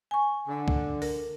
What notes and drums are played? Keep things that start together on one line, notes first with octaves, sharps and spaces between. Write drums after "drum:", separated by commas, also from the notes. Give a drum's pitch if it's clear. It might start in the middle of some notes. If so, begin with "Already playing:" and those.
G#5 C#6
D3
drum: kick C2
A#4, drum: open hi-hat